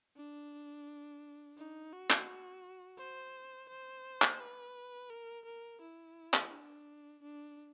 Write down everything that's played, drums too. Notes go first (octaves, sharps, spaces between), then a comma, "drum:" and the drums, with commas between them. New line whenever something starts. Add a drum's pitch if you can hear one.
D4
D#4
F#4
drum: clap
C5
C5
drum: clap
B4
A#4
A#4
E4
drum: clap
D4
D4